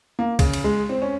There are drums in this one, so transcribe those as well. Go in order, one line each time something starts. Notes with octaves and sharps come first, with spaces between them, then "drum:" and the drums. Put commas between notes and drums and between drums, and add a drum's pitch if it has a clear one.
A#3
C#3, drum: kick, cymbal
drum: cymbal
G#3
C4
C#4